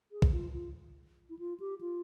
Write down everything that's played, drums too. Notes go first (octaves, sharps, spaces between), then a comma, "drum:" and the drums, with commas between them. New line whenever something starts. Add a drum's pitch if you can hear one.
G#4
drum: kick A#1
F4
F4
E4
F4
G4
F4